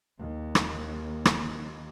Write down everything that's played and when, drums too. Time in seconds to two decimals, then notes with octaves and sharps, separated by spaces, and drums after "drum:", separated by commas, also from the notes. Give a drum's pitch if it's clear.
0.20 D#2 D#3
0.55 drum: rim click
1.25 drum: rim click